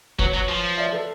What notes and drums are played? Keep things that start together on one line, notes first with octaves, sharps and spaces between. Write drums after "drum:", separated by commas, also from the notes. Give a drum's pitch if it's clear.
F#3 B4 C#5, drum: kick
F#3
F3
D5 E5
A4 B4